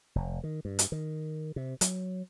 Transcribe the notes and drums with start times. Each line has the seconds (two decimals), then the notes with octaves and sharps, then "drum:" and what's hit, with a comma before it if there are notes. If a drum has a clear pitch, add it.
0.15 F1
0.44 D#3
0.65 G2
0.79 drum: hi-hat
0.92 D#3
1.56 C3
1.81 F#3, drum: hi-hat